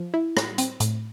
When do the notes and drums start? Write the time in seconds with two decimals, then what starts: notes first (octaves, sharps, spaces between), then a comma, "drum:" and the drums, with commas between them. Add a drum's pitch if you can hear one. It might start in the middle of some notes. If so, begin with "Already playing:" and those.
Already playing: F3
0.14 E4
0.37 A2, drum: rim click
0.58 C4, drum: hi-hat
0.80 A2, drum: hi-hat